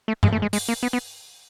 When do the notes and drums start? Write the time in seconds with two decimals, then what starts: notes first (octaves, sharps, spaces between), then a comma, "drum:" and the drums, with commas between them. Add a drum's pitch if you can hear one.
0.08 A3
0.23 G#3, drum: tom G2
0.33 A3
0.42 G#3
0.53 G#3, drum: open hi-hat
0.69 A#3
0.83 B3
0.93 B3